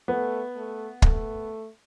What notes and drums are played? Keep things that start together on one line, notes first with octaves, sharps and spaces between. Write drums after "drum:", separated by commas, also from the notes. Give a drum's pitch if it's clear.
A3 B3
A3
A3, drum: kick